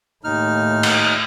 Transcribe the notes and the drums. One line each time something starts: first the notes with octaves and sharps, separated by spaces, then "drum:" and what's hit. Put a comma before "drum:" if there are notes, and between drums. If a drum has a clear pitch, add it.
D#2 A2 D#4 F6
drum: cymbal